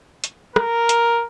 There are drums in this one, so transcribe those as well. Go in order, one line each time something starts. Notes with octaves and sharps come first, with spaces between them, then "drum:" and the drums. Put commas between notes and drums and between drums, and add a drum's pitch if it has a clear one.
drum: hi-hat
A#4, drum: rim click
drum: hi-hat